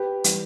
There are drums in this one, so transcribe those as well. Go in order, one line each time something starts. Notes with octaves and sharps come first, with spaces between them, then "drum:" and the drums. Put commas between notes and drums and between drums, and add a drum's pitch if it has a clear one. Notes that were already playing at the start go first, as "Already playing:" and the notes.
Already playing: G4 B4
E3 G3, drum: hi-hat